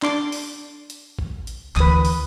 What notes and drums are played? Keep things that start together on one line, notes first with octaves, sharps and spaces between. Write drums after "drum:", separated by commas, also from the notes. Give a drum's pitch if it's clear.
D4 C6 D6, drum: clap
drum: open hi-hat
drum: hi-hat
drum: kick
drum: hi-hat
D2 E3 B4 D#6, drum: clap
drum: open hi-hat